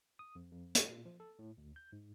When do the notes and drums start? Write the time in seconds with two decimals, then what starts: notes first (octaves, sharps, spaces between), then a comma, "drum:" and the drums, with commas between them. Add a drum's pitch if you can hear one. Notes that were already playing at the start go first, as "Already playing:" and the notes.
0.19 D#6
0.35 F2
0.51 F2
0.75 C#5, drum: hi-hat
0.89 A#2
1.05 F3
1.20 A4
1.39 A2
1.57 D2
1.76 G6
1.93 G#2